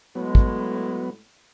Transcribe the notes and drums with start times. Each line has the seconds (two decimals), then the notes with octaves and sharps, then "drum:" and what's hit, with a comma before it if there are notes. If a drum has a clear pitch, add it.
0.15 A2 F#3 G#3 B3
0.35 drum: kick